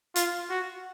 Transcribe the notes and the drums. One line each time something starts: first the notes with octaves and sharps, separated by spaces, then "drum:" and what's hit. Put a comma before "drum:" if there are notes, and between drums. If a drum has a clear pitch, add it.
F4, drum: hi-hat
F#4